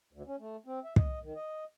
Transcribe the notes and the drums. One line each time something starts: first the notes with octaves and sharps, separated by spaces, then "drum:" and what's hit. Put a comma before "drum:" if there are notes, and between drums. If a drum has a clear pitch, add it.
D2
C#4
A3
C4
E5
D#5, drum: kick
D#3
D#5